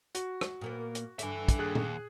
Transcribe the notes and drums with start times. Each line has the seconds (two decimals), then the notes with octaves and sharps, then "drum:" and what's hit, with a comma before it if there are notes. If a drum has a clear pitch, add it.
0.15 F#4, drum: hi-hat
0.41 drum: rim click
0.61 A#2 A#3 B3
0.95 drum: hi-hat
1.19 G2 D3 E5 G#5, drum: hi-hat
1.48 drum: kick, hi-hat
1.59 D#2 G#4 F#6
1.75 drum: tom A#2